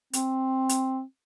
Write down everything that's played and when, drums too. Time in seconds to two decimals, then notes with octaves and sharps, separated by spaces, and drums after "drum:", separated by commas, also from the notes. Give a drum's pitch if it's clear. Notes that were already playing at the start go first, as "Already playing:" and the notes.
0.13 C4, drum: hi-hat
0.69 drum: hi-hat